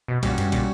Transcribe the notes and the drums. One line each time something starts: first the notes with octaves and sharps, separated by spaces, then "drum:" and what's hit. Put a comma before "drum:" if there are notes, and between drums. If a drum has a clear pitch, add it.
B2
A#2 G3 C#4 F#4, drum: kick, cymbal
G2, drum: cymbal
A#2, drum: kick, cymbal